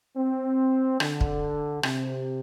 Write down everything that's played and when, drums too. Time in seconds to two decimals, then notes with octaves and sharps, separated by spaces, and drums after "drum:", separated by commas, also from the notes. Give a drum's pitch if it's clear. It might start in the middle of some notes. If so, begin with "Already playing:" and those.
0.17 C4
1.00 D3, drum: rim click
1.21 drum: kick
1.83 C3, drum: rim click